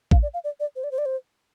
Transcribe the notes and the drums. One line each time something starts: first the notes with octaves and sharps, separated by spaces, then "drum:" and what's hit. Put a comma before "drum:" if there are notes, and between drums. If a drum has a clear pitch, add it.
F5, drum: kick A1
D5
F5
D5
D5
C5
D5
C5
D5
C5